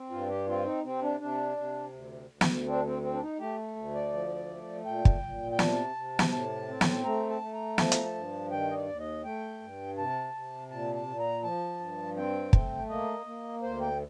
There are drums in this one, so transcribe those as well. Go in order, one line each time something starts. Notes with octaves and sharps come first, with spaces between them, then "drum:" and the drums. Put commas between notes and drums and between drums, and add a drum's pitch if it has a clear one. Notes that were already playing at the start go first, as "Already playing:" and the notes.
Already playing: C4
G2 F4
G4
C4 F4
D#4
C3 C4
D4
C3 D4
C3
D2
D2
drum: snare
C4 D4
C4
C4
D4
D#4
A3 G4
D2
D5
F3
A3
A#2 G5
drum: kick
A#2
G5
C3 A5, drum: snare
C3
drum: snare
A2 A5
C4
drum: snare
A3 A#5
A5
A3
A#5
F3 A5, drum: snare
A#5, drum: hi-hat
A5
G2
D#3 G5
D#5
D5
D#2
D#5
A3 G5
G2
C3 A5
C3
A#2 A5
A5
A#2
A#5
F3 A5
G2
C4 G5
A3, drum: kick
A#3 D#5
A#3
D2 C5
G5